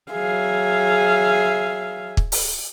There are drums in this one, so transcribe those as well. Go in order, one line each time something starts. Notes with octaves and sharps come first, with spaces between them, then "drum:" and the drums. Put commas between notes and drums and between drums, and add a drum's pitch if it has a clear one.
F#3 G#4 E5 F5
drum: kick
drum: open hi-hat